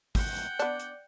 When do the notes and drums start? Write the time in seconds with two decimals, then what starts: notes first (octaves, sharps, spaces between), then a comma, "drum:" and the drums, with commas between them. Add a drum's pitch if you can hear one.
0.15 F#5 G5, drum: kick, open hi-hat
0.36 drum: hi-hat
0.59 B3 D4 D5, drum: hi-hat
0.80 drum: hi-hat